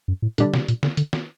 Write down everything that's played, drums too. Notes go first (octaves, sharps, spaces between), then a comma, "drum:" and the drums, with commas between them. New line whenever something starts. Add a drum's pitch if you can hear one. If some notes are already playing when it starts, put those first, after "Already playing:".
F#2
A2
A#2 D3 G3 D4, drum: hi-hat
C3, drum: snare
A#2, drum: hi-hat
D3, drum: snare
D3, drum: hi-hat
drum: snare